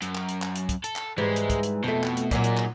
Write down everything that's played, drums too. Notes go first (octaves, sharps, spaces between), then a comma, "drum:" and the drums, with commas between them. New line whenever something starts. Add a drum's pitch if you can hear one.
F#2, drum: hi-hat
drum: clap
drum: hi-hat
drum: clap
drum: hi-hat
drum: kick, hi-hat
A4, drum: hi-hat
drum: clap
G#2 E3 G3 G#3
drum: hi-hat
drum: kick, hi-hat
drum: hi-hat
F2 B2 A3
drum: clap
drum: hi-hat
A#2 F#3 D#4 G#4, drum: kick, hi-hat
drum: hi-hat
drum: clap